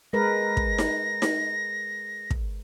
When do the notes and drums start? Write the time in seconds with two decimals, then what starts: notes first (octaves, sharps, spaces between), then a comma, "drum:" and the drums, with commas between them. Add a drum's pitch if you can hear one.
0.13 G#3 A#4 B4 A#6
0.57 drum: kick
0.78 drum: snare D#4
1.22 drum: snare D#4
2.30 drum: kick